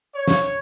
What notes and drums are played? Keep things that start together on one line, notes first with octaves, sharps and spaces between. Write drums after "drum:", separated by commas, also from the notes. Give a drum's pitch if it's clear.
C#5
drum: snare